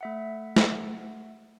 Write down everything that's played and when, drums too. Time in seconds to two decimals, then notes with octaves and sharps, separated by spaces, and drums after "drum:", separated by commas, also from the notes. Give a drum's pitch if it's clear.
0.01 A3 E5 F#5
0.56 drum: snare